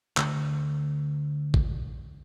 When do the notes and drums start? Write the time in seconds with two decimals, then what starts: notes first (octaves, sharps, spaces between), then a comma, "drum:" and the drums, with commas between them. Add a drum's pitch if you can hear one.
0.17 D3 A3, drum: clap
1.54 drum: kick